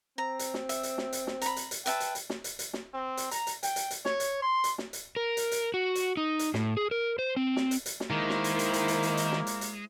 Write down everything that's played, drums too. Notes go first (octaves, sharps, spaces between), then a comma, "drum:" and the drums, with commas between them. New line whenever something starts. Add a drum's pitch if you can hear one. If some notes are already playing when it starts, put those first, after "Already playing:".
C4 A#5
drum: hi-hat
drum: snare
E5, drum: hi-hat
drum: hi-hat
drum: snare
drum: hi-hat
drum: snare
A#5 B5, drum: hi-hat
drum: hi-hat
drum: hi-hat
B4 E5 G5 A5, drum: hi-hat
drum: hi-hat
drum: hi-hat
drum: snare
drum: hi-hat
drum: hi-hat
drum: snare
C4
drum: hi-hat
A#5, drum: hi-hat
drum: hi-hat
G5, drum: hi-hat
drum: hi-hat
drum: hi-hat
C#5, drum: snare
drum: hi-hat
C6
drum: hi-hat
drum: snare
drum: hi-hat
A#4
drum: hi-hat
drum: hi-hat
F#4
drum: hi-hat
D#4
drum: hi-hat
A2, drum: snare
G#4
A#4
C5
C4
drum: snare
drum: hi-hat
drum: hi-hat
drum: snare
D#3 G#3 A#3 E4 C5
drum: snare
drum: hi-hat
drum: hi-hat
drum: hi-hat
drum: hi-hat
drum: hi-hat
drum: hi-hat
drum: snare
drum: hi-hat
drum: hi-hat